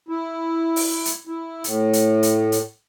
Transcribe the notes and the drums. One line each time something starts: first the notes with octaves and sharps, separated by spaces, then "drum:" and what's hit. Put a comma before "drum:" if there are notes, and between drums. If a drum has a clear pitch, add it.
E4
drum: open hi-hat
drum: hi-hat
E4
A2, drum: hi-hat
drum: hi-hat
drum: hi-hat
drum: hi-hat